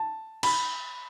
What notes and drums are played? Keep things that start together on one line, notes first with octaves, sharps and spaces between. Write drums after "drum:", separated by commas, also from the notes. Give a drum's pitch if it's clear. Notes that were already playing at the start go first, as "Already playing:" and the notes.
Already playing: A5
B5, drum: cymbal